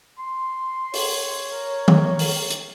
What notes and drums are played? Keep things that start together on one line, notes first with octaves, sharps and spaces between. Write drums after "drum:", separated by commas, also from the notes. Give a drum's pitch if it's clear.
C6
C#5, drum: open hi-hat
A#4
drum: tom D#3
drum: open hi-hat
drum: hi-hat